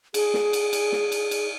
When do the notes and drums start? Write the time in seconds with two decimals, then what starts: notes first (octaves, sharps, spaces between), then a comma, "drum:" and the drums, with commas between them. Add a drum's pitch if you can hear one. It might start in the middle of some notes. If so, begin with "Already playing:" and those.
0.14 G#4, drum: cymbal
0.34 drum: snare
0.53 drum: cymbal
0.73 drum: cymbal
0.92 drum: snare
1.12 drum: cymbal
1.31 drum: cymbal